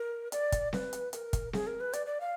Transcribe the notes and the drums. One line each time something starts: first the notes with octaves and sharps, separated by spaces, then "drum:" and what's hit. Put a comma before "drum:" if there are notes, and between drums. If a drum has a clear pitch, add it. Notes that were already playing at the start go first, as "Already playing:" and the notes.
Already playing: A#4
D5, drum: hi-hat
drum: kick, hi-hat
B4, drum: snare C4
drum: hi-hat
A#4, drum: hi-hat
drum: kick, hi-hat
G#4, drum: snare C4
A#4
B4
D5, drum: hi-hat
D5
F5